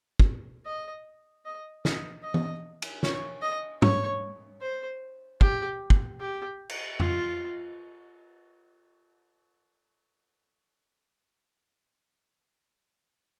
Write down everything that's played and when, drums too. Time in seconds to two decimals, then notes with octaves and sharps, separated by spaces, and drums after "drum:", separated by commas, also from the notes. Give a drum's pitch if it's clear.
0.20 drum: kick
0.66 D#5
1.45 D#5
1.85 D#5, drum: snare
2.24 D#5
2.34 drum: tom
2.82 drum: cymbal
3.03 C#5, drum: snare
3.42 D#5
3.82 C#5, drum: tom
4.62 C5
5.41 G4, drum: kick
5.90 drum: kick
6.20 G4
6.69 drum: cymbal
7.00 F4, drum: tom F2